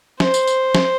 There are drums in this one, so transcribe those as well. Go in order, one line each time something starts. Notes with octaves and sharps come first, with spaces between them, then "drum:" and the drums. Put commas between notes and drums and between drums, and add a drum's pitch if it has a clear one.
C5, drum: snare
drum: tambourine
drum: tambourine
drum: snare